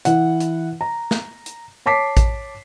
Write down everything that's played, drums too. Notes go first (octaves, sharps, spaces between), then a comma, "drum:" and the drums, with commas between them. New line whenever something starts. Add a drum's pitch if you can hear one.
E3 E4 F#5, drum: hi-hat
drum: hi-hat
A#5
drum: snare
drum: hi-hat
C#5 A5 D6 B6 C7
drum: kick A1, hi-hat